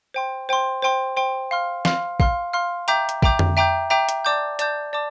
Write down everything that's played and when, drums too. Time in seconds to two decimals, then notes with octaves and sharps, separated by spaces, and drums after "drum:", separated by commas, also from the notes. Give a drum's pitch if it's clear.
0.14 C5 G5 C6
0.49 C5 G5 C6
0.82 C5 G5 C6
1.17 C5 G5 C6
1.51 F5 C6 F6
1.85 F5 C6 F6, drum: snare
2.20 F5 C6 F6, drum: kick
2.53 F5 C6 F6
2.88 E5 G5 A#5 D6 G6, drum: hi-hat
3.09 drum: hi-hat
3.22 E5 G5 A#5 D6 G6, drum: kick
3.39 drum: tom F2
3.57 E5 G5 A#5 D6 G6
3.90 E5 G5 A#5 D6 G6
4.09 drum: hi-hat
4.25 D5 A5 D6 G6
4.59 D5 A5 D6 G6, drum: hi-hat
4.93 D5 A5 D6